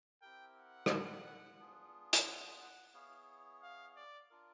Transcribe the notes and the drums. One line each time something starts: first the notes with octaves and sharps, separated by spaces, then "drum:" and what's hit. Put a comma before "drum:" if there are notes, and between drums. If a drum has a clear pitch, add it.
C4 E4 G4 A#4 G5
F#5
drum: rim click
B3 D4 F4 G#4
drum: hi-hat
F#5
F#5
B3 E4 G#4 C#5 F5
F5
D5
D4 F4 A#4